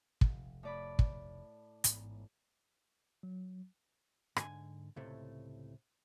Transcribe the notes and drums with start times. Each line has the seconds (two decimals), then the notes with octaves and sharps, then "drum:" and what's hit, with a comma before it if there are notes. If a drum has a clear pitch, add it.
0.21 F1, drum: kick
0.63 A2 D5 B5
0.99 drum: kick
1.84 A1 G#2 B3, drum: hi-hat
3.23 F#3
4.36 G#2 D3 G#5, drum: rim click
4.96 C#2 A2 C3 A3